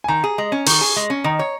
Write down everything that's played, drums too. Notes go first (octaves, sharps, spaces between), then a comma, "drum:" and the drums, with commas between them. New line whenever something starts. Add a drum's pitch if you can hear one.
G#5
D#3 A#5
G#4
G#3
C#4
D#3 C#6, drum: open hi-hat
G#4
G#3
C#4
D#3 A#5
C#5